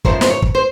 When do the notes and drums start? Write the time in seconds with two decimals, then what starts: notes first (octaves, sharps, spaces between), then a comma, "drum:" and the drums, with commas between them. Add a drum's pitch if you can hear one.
0.05 F#2 C#3 F3 C5, drum: kick
0.21 C5, drum: snare
0.30 C#5
0.42 drum: kick
0.55 C5